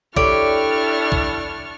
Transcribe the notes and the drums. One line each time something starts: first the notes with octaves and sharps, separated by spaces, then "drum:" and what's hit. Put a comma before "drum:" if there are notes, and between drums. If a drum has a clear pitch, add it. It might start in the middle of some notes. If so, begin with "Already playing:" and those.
D4 E4 G4 A4 C#5 D5 C#6 F6, drum: kick
drum: kick